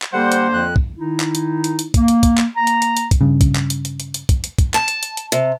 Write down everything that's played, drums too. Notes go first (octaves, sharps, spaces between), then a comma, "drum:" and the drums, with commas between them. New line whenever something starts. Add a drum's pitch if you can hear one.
drum: clap
D3 G3 A#3 C5 F#5
drum: hi-hat
F2 F#6
drum: kick
D#3 D#4 E4
drum: clap
drum: hi-hat
drum: hi-hat
drum: hi-hat
A#3, drum: kick, hi-hat
drum: hi-hat
drum: kick, hi-hat
drum: clap
A#3 A#5
drum: hi-hat
drum: hi-hat
drum: hi-hat
drum: kick, hi-hat
G2 C#3
drum: kick, hi-hat
drum: clap
drum: hi-hat
drum: hi-hat
drum: hi-hat
drum: hi-hat
drum: kick, hi-hat
drum: hi-hat
drum: kick, hi-hat
A5, drum: clap
drum: hi-hat
drum: hi-hat
drum: hi-hat
C3, drum: hi-hat